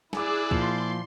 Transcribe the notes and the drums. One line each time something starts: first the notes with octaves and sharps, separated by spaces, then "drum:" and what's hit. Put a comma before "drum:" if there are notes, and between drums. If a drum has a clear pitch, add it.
E4 G#4 D5 G#5 D6 E6 F#6, drum: snare
A#2 F3 C6, drum: kick C#2